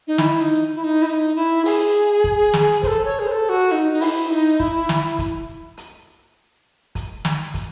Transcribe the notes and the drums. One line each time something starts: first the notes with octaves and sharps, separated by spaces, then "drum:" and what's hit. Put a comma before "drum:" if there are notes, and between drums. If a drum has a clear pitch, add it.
D#4
E4, drum: snare
D#4
E4
D#4
E4
D#4
E4
G#4, drum: open hi-hat
drum: kick
drum: snare
C5, drum: kick, hi-hat
A4
C#5
G#4
C5
A4
F#4
D#4
D#4
E4, drum: open hi-hat
D#4
E4, drum: kick
drum: snare
drum: kick, hi-hat
drum: hi-hat
drum: kick, hi-hat
drum: snare
drum: kick, hi-hat